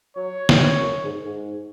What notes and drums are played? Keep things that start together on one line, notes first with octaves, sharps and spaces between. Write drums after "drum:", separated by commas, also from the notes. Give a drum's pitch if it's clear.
F#3 C#5
E3, drum: snare
F#2
G#2
G#2